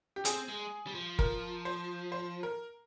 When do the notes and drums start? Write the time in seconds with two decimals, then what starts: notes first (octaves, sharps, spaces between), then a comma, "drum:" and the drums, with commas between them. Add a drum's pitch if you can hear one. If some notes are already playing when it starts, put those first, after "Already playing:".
0.16 G4
0.25 C4 G#4, drum: hi-hat
0.49 G#3
0.87 G3
0.95 F3
1.19 A#4, drum: kick
1.65 C5
2.12 C5
2.43 A#4